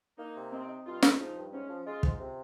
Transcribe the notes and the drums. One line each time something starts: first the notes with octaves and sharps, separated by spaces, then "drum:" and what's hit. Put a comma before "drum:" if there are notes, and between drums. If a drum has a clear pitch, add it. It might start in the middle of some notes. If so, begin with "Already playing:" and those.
A#3 D#4
C3
C4 D#4
D#4
G2 F4
G#3, drum: snare
F3 D#4
G2
G#2 C#4
F3
G#3 F4
G#2, drum: kick
C3